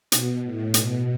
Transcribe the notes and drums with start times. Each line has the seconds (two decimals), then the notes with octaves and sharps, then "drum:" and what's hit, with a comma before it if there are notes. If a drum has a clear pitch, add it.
0.12 B2, drum: hi-hat
0.44 A2
0.74 B2, drum: hi-hat